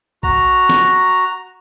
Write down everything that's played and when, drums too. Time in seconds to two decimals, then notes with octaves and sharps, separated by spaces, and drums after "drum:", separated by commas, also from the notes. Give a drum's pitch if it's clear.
0.23 F#4 A#5, drum: kick B1
0.69 drum: snare